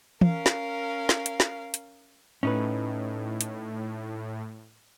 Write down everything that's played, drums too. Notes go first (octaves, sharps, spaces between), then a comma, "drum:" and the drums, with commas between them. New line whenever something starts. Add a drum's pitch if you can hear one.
C#4 A#4 F5, drum: tom
drum: snare
drum: snare
drum: hi-hat
drum: snare
drum: hi-hat
A2 C#4 D#4 B4
drum: hi-hat